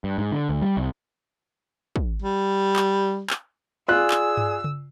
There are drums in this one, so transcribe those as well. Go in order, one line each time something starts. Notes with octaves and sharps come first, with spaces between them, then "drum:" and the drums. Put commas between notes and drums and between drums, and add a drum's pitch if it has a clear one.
G2
G#2
D3
D2
G3
C2
drum: kick
G3
drum: clap
drum: clap
F4 G#4 D5 G#5 E6 F#6
drum: clap
drum: tom G2
drum: tom C#3